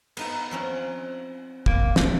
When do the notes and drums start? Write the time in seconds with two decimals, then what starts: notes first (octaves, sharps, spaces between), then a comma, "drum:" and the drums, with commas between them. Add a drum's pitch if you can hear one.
0.17 B3 D#4 A#5, drum: cymbal
0.51 F3 C4 C#4
1.66 A#3, drum: kick
1.96 drum: snare